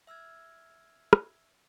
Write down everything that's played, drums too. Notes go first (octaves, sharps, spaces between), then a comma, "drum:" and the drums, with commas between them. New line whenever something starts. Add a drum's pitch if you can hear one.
E5 E6 F6 G#6
drum: rim click